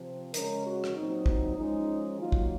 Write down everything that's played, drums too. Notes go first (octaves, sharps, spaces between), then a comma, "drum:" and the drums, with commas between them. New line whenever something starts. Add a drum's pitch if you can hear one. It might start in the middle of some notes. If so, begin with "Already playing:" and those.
Already playing: C3 F3 C4
C#3 G#3 C#4 A#4, drum: hi-hat
F#4
drum: rim click
A#2 F#3 C4 D#4
D#4, drum: kick
F3 G#3 C#4 D#4
D#3 F#3 A#3 F4
drum: kick